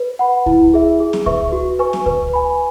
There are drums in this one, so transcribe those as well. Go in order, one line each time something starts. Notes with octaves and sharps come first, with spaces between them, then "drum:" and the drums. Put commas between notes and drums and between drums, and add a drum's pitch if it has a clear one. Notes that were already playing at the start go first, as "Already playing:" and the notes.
Already playing: B4
F#5 B5
E4, drum: kick C#2
G#4 E5
G#4
drum: snare C4
B4 E5 C#6, drum: kick C#2
F#4
B4 G#5 C#6
drum: snare C4
B4, drum: kick C#2
G#5 B5